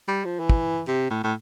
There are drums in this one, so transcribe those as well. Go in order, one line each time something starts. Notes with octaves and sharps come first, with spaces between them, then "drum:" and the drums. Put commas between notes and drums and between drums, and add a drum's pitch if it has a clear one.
G3
F3
E3
drum: kick
C3
A2
A2